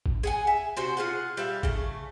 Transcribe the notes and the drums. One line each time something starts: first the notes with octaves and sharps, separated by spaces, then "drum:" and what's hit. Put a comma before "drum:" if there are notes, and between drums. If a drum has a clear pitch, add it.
drum: kick A1
G#4 F#5 G#5
E5
C3 F#4 C5
F4 G#4 F#5
G3 E5 F5
C#3 A3, drum: kick A1